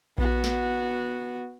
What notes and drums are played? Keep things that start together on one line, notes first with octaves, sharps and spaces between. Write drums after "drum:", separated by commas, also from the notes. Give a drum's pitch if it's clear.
B3 F#4, drum: kick A#1
drum: snare